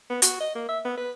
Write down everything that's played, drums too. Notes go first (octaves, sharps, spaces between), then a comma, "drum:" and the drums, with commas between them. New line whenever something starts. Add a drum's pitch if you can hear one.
B3
F#4, drum: hi-hat
D#5
A#3
E5
B3
B4